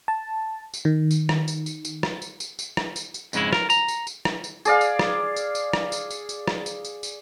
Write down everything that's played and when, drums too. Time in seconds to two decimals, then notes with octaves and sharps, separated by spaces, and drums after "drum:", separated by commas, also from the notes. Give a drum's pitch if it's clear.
0.08 A5
0.74 drum: tambourine
0.85 D#3
1.11 drum: tambourine
1.29 drum: rim click
1.48 drum: tambourine
1.66 drum: tambourine
1.85 drum: tambourine
2.03 drum: rim click
2.22 drum: tambourine
2.40 drum: tambourine
2.59 drum: tambourine
2.77 drum: rim click
2.96 drum: tambourine
3.14 drum: tambourine
3.33 F2 G#2 C#3 G#3 E4, drum: tambourine
3.53 A#4, drum: rim click
3.70 A#5, drum: tambourine
3.88 drum: tambourine
4.07 drum: tambourine
4.25 drum: rim click
4.44 drum: tambourine
4.65 G#4 D5 F5, drum: tambourine
4.81 drum: tambourine
4.99 drum: rim click
5.36 drum: tambourine
5.55 drum: tambourine
5.73 drum: rim click
5.92 drum: tambourine
6.10 drum: tambourine
6.29 drum: tambourine
6.48 drum: rim click
6.66 drum: tambourine
6.85 drum: tambourine
7.03 drum: tambourine